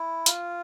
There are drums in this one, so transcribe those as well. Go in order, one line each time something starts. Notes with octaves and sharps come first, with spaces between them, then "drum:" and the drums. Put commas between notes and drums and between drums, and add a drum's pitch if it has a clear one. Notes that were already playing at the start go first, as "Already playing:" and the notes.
Already playing: E4
F4, drum: hi-hat